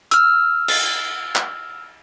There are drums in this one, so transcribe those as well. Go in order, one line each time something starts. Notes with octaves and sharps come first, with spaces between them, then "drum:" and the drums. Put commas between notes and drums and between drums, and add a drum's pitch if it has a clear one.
E6 F6, drum: hi-hat
drum: cymbal
drum: clap